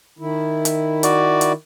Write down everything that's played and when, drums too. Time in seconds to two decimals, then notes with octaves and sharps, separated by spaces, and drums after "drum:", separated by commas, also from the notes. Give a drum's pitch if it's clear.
0.19 D#3 E4
0.65 drum: hi-hat
1.03 F#4 D5, drum: hi-hat
1.41 drum: hi-hat